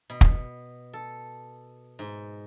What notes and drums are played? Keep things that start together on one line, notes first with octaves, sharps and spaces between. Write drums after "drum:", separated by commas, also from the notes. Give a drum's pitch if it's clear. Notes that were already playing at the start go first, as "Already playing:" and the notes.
B2
drum: kick
A4
G#2